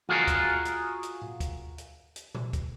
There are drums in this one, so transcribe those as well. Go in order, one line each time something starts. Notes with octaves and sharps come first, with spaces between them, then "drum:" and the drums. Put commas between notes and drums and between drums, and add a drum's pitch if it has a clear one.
F4 F#4 G#4 A#4, drum: tom E3
drum: kick, hi-hat
drum: hi-hat
drum: hi-hat
drum: tom A2
drum: kick, hi-hat
drum: hi-hat
drum: hi-hat
drum: tom A#2
drum: kick, hi-hat